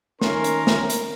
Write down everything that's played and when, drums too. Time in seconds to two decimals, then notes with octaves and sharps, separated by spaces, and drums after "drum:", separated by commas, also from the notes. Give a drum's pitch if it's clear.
0.21 D#3 C#4 A#4 C6, drum: snare
0.44 drum: hi-hat
0.67 drum: snare
0.90 drum: hi-hat